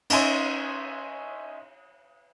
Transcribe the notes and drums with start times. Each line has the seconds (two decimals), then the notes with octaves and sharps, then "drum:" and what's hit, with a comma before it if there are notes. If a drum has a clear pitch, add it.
0.10 C#4 D#4 E5 G#5 C6, drum: cymbal